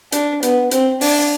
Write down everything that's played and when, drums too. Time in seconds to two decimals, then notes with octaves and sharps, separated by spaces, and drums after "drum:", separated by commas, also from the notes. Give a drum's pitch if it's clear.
0.12 D4, drum: hi-hat
0.43 B3, drum: hi-hat
0.71 C4, drum: hi-hat
1.01 D4, drum: open hi-hat